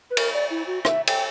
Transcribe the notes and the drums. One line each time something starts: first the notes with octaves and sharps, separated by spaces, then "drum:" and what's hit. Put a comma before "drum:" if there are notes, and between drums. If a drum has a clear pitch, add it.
B4
A#4, drum: cymbal
D5
E4
F#4
E5, drum: rim click
G5, drum: cymbal